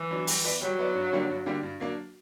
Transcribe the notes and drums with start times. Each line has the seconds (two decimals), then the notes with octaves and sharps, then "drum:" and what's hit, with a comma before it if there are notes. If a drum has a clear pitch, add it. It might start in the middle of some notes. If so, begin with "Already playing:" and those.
Already playing: E3
0.11 F#3 B3 D4
0.27 G3, drum: open hi-hat
0.45 B3 E4 B4 D5
0.62 F#3 G3
0.79 B3 E4 B4 D5
0.95 G2
1.12 D3 G3 A#3 D4
1.29 G2
1.46 D3 G3 A#3 D4
1.63 G2
1.80 F#3 A#3 D4